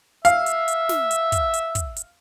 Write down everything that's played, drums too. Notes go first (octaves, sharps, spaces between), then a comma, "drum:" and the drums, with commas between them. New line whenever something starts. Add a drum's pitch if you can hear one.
E5 F5, drum: hi-hat
drum: hi-hat
drum: hi-hat
drum: snare
drum: hi-hat
drum: kick, hi-hat
drum: hi-hat
drum: kick, hi-hat
drum: hi-hat